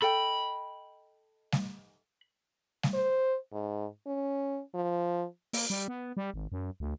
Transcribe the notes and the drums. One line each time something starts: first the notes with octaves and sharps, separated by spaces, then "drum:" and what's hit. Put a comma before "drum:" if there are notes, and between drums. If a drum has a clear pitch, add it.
A4 D#5 G5 B5
drum: snare G3
drum: snare G3
C5
G#2
C#4
F3
A#3, drum: open hi-hat
G3
B3
G3
G#1
F#2
D2